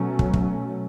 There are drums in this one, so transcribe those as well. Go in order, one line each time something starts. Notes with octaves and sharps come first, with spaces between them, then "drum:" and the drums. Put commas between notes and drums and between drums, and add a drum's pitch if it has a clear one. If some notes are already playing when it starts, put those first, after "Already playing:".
Already playing: B2 F#3 A3 C#4
drum: kick
drum: kick